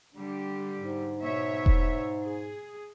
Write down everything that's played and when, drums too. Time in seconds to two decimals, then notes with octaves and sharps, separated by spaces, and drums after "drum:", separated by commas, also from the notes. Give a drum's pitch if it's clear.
0.16 D3 G3 G4
0.79 G#2
1.22 B2 C#5 E5
1.66 drum: kick E1
2.25 G#4